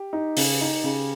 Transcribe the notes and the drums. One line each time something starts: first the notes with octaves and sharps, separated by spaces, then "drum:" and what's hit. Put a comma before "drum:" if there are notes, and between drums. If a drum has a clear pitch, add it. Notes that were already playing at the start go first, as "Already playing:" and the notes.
Already playing: G4
D#4
C#3, drum: open hi-hat
D#4
C#3